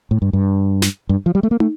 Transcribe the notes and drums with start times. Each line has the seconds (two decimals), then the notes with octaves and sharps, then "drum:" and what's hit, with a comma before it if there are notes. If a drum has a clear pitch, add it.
0.11 A2
0.22 G2
0.33 G2
0.82 drum: snare
1.09 G2
1.26 F3
1.35 G3
1.43 A3
1.51 A#3
1.60 A3, drum: tom